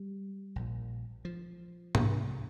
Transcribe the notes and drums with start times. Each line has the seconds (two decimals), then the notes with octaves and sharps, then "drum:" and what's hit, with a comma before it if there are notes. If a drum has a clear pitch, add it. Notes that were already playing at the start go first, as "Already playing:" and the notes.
Already playing: G3
0.56 A#1 A#2
1.25 F3
1.95 C2 C3, drum: tom